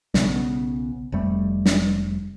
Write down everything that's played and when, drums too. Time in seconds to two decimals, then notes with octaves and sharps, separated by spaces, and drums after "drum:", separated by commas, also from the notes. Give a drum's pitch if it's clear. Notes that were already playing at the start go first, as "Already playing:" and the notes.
0.14 B1 C#3 B3, drum: snare
1.12 F1 F2 G3 A3
1.66 drum: snare